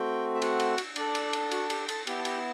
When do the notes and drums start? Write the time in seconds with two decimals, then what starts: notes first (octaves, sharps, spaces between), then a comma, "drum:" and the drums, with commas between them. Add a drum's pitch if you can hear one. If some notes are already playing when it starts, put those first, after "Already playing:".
Already playing: A3 C4 F#4 G5
0.35 E5
0.42 F#4 F#5, drum: cymbal
0.60 drum: cymbal
0.78 drum: cymbal
0.96 D4 A4 D5, drum: cymbal
1.15 drum: cymbal
1.33 drum: cymbal
1.51 F#4 F#5, drum: cymbal
1.70 G4 G5, drum: cymbal
1.84 G5
1.88 A4 A5, drum: cymbal
2.07 B3 E4 G4 G5, drum: cymbal
2.19 A5
2.25 G4 G5, drum: cymbal